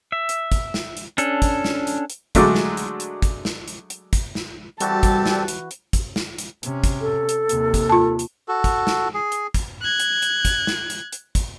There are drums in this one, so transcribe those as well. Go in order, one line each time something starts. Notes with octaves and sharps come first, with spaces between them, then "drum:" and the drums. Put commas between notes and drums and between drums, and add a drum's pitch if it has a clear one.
E5
drum: hi-hat
drum: kick, hi-hat
drum: snare
drum: hi-hat
C#4 D4 A4, drum: hi-hat
drum: kick, hi-hat
drum: snare
drum: hi-hat
drum: hi-hat
D3 F#3 G#3 A3 D4, drum: kick, hi-hat
drum: snare
drum: hi-hat
drum: hi-hat
drum: kick, hi-hat
drum: snare
drum: hi-hat
drum: hi-hat
drum: kick, hi-hat
drum: snare
E3 G3 C4 F#4 G4 A4 B4 A5, drum: hi-hat
drum: kick, hi-hat
drum: snare
drum: hi-hat
drum: hi-hat
drum: kick, hi-hat
drum: snare
drum: hi-hat
C3 C#4, drum: hi-hat
drum: kick, hi-hat
A4
drum: hi-hat
D#2 C3, drum: hi-hat
drum: kick, hi-hat
F4 A5
drum: hi-hat
F#4 A4
drum: kick, hi-hat
drum: snare
G#4
drum: hi-hat
drum: kick, hi-hat
F#6 G#6
drum: hi-hat
drum: hi-hat
drum: kick, hi-hat
drum: snare
drum: hi-hat
drum: hi-hat
drum: kick, hi-hat